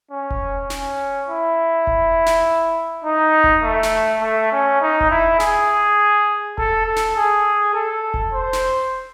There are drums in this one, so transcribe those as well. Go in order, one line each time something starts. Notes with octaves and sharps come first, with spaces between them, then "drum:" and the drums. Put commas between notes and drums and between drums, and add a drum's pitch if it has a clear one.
C#4
drum: kick E1
C#4, drum: snare
E4
drum: kick E1
drum: snare
D#4
drum: kick E1
A3
drum: snare
A3
C#4
D#4
drum: kick E1
E4
G#4, drum: snare
A4, drum: kick E1
A4
drum: snare
G#4
A4
drum: kick E1
C5
drum: snare